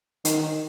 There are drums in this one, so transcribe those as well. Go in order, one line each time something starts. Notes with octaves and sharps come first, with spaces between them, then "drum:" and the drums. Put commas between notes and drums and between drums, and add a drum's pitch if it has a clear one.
D#3, drum: hi-hat